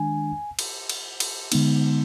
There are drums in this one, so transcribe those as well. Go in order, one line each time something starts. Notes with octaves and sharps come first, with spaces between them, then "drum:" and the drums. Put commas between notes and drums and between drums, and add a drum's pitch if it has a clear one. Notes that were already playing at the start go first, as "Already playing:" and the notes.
Already playing: D#3 G#3 D4 G#5
drum: cymbal
drum: cymbal
drum: cymbal
D3 G#3 B3 D#4, drum: cymbal